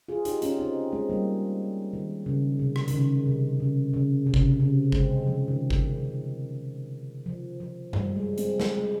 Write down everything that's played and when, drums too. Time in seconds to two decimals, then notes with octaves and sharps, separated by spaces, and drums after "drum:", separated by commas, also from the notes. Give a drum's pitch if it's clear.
0.08 F4 G#4
0.25 D#4 G4, drum: hi-hat
0.42 C#4 F4, drum: hi-hat
0.59 C4 D#4
0.92 G#3 C4
1.10 G3 A#3
1.93 D#3
2.26 C#3
2.59 C3
2.76 drum: rim click
2.88 D#3, drum: hi-hat
2.93 C#3
3.26 C3
3.60 C#3
3.93 C#3
4.26 C3
4.34 C#3, drum: kick G#1
4.42 C3
4.60 C#3
4.92 G#3 C4, drum: kick G#1
5.27 F3
5.48 D#3
5.70 drum: kick G#1
7.26 F3
7.60 F3
7.93 G3, drum: tom G2
8.16 G#3
8.38 G#3 C4, drum: hi-hat
8.60 G#3, drum: snare
8.77 G#3